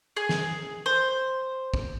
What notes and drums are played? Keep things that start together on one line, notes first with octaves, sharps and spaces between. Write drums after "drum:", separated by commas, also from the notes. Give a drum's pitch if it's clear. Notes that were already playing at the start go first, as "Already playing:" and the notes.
G#4
drum: snare
C5
drum: kick